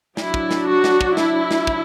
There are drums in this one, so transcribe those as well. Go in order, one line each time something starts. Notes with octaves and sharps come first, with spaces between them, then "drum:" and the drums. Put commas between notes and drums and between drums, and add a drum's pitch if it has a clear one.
F#3 D4 E4, drum: snare
drum: kick
drum: snare
F#4
drum: snare
drum: kick
E4, drum: snare
drum: snare
drum: kick